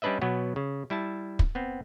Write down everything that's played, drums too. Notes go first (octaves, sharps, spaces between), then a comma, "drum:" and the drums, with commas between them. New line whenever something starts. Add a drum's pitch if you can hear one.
G3 C#4 D4 B4 D#5 E5
B2 F#3 B3
C#3
G3 E4 E5 A5
drum: kick
B3 C4